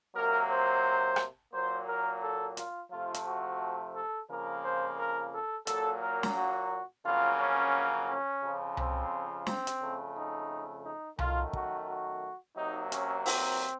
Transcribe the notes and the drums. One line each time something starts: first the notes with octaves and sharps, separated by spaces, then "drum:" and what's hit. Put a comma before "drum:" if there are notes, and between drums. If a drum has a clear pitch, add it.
C3 F#3 A#3 A#4
C5
drum: rim click
A#2 F#3 A#3 C5
A#4
A4
F4, drum: hi-hat
C3 F3 A3 F4
drum: hi-hat
F#4
A4
F2 C#3 F3 A#3 A#4
C5
A#4
A4
A#2 F#3 A#3 A4, drum: hi-hat
A#4
drum: snare
F#4
F2 C#3 F#3 A#3 F4
C#4
C#4
F2 C#3 F3
C4, drum: tom C2
C4, drum: snare
drum: hi-hat
F2 C#3 A3
D#4
D#4
F#2 D#3 A3 F4, drum: tom C2
F#4, drum: kick
F#4
C3 F#3 A#3 D#4
C#4, drum: hi-hat
C4, drum: open hi-hat